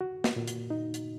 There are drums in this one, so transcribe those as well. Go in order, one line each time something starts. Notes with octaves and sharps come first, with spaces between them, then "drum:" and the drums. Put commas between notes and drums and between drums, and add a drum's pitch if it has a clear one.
F#4
drum: snare
A#2
drum: hi-hat
D#4
drum: hi-hat